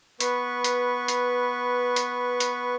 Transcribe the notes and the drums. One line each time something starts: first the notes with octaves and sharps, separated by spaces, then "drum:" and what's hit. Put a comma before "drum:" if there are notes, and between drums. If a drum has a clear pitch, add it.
B3 B4 C#6, drum: hi-hat
drum: hi-hat
drum: hi-hat
drum: hi-hat
drum: hi-hat